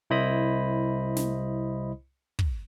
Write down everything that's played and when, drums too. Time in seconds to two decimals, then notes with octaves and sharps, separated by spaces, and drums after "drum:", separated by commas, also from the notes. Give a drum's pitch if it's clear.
0.10 C2 E4 C5 D#5 B5 D#6
1.16 drum: snare
2.39 drum: kick